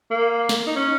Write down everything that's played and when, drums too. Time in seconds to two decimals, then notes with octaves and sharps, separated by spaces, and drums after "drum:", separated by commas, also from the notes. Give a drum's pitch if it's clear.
0.11 A#3
0.49 drum: snare
0.67 D#4
0.76 C#4